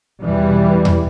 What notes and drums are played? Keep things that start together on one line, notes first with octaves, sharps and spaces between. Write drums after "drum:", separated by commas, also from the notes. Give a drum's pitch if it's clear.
E2 B2 E3 G3
drum: tom E2